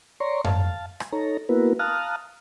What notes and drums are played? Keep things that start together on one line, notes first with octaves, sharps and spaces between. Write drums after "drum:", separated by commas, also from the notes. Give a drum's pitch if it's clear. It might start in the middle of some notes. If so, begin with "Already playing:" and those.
C#5 D5 A#5 C6 C#6
F5 A5, drum: tom F#2
drum: rim click
D#4 A4 C#5 A#5
A#3 B3 E4 F#4 A#4 B4
F5 A5 A#5 D#6 F6 F#6